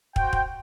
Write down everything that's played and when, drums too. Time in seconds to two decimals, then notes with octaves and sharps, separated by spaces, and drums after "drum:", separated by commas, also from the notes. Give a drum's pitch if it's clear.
0.16 F#4 C5 G5, drum: kick
0.33 drum: kick